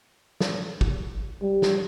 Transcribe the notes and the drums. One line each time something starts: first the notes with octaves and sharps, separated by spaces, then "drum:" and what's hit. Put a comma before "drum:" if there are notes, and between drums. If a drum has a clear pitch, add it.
drum: snare
drum: kick
G3
drum: snare